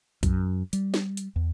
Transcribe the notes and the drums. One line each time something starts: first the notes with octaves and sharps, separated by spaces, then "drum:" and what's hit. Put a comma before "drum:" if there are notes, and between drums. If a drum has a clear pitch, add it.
F#2, drum: kick, hi-hat
G3, drum: hi-hat
drum: snare
drum: hi-hat
E2